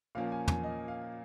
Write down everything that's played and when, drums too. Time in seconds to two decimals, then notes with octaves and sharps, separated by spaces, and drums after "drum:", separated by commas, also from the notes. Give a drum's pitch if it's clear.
0.15 A#2 F3 A#3 C#4 F5
0.32 G#5
0.48 G#5, drum: tom
0.64 D#5
0.88 F5